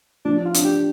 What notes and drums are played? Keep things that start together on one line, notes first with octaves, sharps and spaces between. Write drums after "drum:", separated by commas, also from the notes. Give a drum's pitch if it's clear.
F3 D4
D4
F4
D4, drum: hi-hat
G4